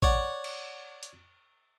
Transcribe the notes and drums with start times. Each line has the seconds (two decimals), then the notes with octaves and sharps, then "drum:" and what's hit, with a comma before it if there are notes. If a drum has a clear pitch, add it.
0.02 C#5 D5 F#5, drum: kick A1
0.44 drum: cymbal
1.03 drum: hi-hat